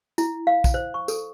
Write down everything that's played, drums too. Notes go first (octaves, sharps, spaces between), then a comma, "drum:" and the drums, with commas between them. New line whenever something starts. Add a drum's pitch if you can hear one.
E4, drum: tambourine
F5
drum: kick A#1, tambourine
C5
C#6
A4, drum: tambourine